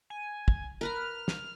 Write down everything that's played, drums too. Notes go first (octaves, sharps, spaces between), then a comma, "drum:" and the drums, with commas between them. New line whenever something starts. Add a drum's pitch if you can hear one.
G#5
drum: kick
A#4 B4 A#5 F6
drum: snare